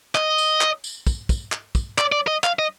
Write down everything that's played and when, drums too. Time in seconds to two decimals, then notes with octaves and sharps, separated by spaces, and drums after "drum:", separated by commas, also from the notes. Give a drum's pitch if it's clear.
0.15 D#5, drum: clap
0.38 drum: tambourine
0.61 drum: clap
0.84 drum: tambourine
1.07 drum: kick, tambourine
1.29 drum: kick, tambourine
1.52 drum: clap
1.75 drum: kick, tambourine
1.98 D5, drum: clap
2.12 D5
2.27 D#5
2.44 F5, drum: clap
2.59 D#5